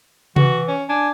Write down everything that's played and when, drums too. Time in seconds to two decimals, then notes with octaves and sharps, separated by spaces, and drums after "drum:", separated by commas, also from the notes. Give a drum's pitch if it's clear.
0.36 E3 F#4, drum: tom C3
0.68 C#4
0.89 D4 G#5